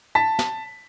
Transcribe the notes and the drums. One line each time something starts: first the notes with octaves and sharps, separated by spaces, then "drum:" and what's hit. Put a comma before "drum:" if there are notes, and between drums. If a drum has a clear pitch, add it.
A5 B6
drum: snare